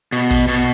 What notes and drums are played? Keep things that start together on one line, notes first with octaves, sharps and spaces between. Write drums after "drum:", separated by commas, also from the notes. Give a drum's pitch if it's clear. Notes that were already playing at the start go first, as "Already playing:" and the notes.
B2, drum: hi-hat
drum: kick, open hi-hat
B2